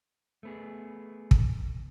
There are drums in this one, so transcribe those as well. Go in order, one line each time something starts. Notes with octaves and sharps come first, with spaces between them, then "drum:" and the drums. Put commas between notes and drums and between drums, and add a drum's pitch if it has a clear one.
A3 B3 G#4
drum: kick